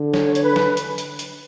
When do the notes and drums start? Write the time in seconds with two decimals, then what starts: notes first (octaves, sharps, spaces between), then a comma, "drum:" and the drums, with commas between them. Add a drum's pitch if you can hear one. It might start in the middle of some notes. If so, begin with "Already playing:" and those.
Already playing: D3
0.14 C#5, drum: snare
0.35 C#5, drum: hi-hat
0.45 B4
0.56 drum: snare
0.77 drum: hi-hat
0.98 drum: hi-hat
1.19 drum: hi-hat